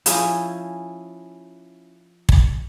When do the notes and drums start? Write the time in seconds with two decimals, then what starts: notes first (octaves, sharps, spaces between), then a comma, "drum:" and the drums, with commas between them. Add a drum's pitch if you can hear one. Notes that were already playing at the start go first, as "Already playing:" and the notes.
0.06 F3 C#4 E4 G#4, drum: hi-hat
2.29 drum: kick